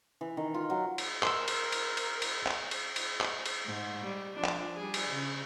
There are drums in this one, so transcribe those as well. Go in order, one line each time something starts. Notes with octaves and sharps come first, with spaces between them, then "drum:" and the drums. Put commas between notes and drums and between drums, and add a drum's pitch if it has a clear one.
E3
D#3
F4
F#3
drum: cymbal
A#4 C6 E6, drum: clap
drum: cymbal
drum: cymbal
drum: cymbal
drum: cymbal
drum: clap
drum: cymbal
drum: cymbal
drum: clap
drum: cymbal
G#2
G3
F3 D4
drum: clap
G3 G#4
drum: cymbal
C#3